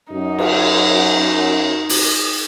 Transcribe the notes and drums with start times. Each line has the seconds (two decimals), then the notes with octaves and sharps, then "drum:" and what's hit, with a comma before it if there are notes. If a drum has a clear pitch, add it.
0.12 F#2 D#4
0.38 drum: cymbal
1.89 drum: open hi-hat